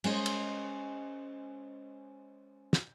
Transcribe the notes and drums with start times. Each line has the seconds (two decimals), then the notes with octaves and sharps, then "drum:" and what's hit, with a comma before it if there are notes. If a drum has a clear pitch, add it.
0.04 G#3 C#4 C5 D#5, drum: cymbal
0.26 drum: cymbal
2.73 drum: snare